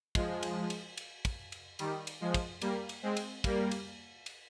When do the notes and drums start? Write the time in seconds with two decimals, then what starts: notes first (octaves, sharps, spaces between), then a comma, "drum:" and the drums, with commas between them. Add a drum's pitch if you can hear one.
0.15 F3 G#3, drum: kick, cymbal
0.43 drum: cymbal
0.70 drum: cymbal
0.97 drum: cymbal
1.25 drum: kick, cymbal
1.52 drum: cymbal
1.79 D#3 G3, drum: cymbal
2.07 drum: cymbal
2.21 F3 G#3
2.34 drum: kick, cymbal
2.62 G3 A#3, drum: cymbal
2.89 drum: cymbal
3.03 G#3 C4
3.17 drum: cymbal
3.44 G3 A#3, drum: kick, cymbal
3.71 drum: cymbal
4.26 drum: cymbal